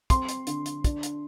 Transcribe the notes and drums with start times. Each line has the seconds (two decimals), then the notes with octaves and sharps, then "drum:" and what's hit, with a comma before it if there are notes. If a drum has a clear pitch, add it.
0.10 C4 C6, drum: kick, hi-hat
0.29 drum: hi-hat
0.47 D3, drum: hi-hat
0.66 drum: hi-hat
0.84 D4, drum: kick, hi-hat
1.03 drum: hi-hat